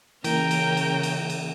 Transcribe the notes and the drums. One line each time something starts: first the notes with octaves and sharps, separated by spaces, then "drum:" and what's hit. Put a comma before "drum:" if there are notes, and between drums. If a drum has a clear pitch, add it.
C#3 E3 A#3 A#4 G5 A#5, drum: cymbal
drum: cymbal
drum: cymbal
drum: cymbal
drum: cymbal